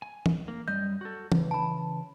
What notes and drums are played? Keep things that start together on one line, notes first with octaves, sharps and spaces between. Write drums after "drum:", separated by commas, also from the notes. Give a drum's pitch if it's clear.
G#5
drum: tom
A#3
F#2 G3 D#5 G6
F#4 A4
C#3 E3, drum: tom
A5 B5